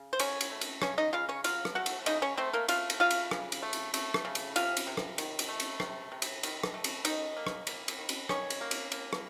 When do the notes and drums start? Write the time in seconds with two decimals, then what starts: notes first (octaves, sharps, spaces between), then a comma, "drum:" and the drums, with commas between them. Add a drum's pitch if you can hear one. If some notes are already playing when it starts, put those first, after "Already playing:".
Already playing: C#3
0.13 C5
0.19 F#3 C#4 C#5, drum: cymbal
0.41 drum: cymbal
0.51 A3
0.61 drum: cymbal
0.82 C#3 C#4 C#5, drum: rim click
0.98 D#4 D#5
1.13 C#3 F4 F5
1.29 C#4 C#5
1.44 F#3 F4 F5, drum: cymbal
1.65 drum: rim click
1.75 A3 F#4 F#5
1.86 drum: cymbal
2.06 C#3 D#4 D#5, drum: cymbal
2.22 C#4 C#5
2.37 A3 C4 C5
2.53 A#3 A#4
2.68 A3 F4 F5, drum: cymbal
2.90 drum: cymbal
3.00 C#3 F4 F5
3.11 drum: cymbal
3.31 C#3, drum: rim click
3.52 drum: cymbal
3.63 A3
3.73 drum: cymbal
3.94 A3, drum: cymbal
4.14 drum: rim click
4.25 C#3
4.35 drum: cymbal
4.56 C3 F4 F5, drum: cymbal
4.77 drum: cymbal
4.87 C3
4.97 drum: rim click
5.18 D#3, drum: cymbal
5.39 drum: cymbal
5.49 A3
5.60 drum: cymbal
5.80 C3, drum: rim click
6.12 C3
6.22 drum: cymbal
6.43 D#3, drum: cymbal
6.63 drum: rim click
6.74 A3
6.84 drum: cymbal
7.05 D#3 D#4 D#5, drum: cymbal
7.37 A#3
7.47 drum: rim click
7.67 A#3, drum: cymbal
7.88 drum: cymbal
7.98 D#3
8.09 drum: cymbal
8.29 D#3 C#4 C#5, drum: rim click
8.50 drum: cymbal
8.61 A#3
8.71 drum: cymbal
8.92 A#3, drum: cymbal
9.13 drum: rim click